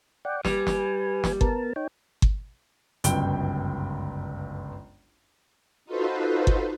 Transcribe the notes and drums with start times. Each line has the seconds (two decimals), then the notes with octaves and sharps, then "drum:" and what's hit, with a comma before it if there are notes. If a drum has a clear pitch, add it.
0.25 D5 F#5 G5
0.45 G3 B4 G#5, drum: snare
0.67 drum: snare
1.24 drum: snare
1.41 B3 A#4 A5, drum: kick G1
1.76 D#4 C#5 G5
2.22 drum: kick G1
3.04 G1 C#2 F#2 G5 D7 G7, drum: hi-hat
5.85 D#4 F4 F#4 A4 B4 C5
6.47 drum: kick G1